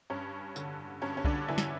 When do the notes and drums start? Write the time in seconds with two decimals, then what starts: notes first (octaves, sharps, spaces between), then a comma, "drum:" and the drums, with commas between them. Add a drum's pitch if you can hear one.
0.10 G2 C#4
0.56 D3, drum: tambourine
1.02 G2 C#4
1.17 C#4
1.25 D3 D4, drum: kick
1.48 D3 E3 E4
1.58 drum: snare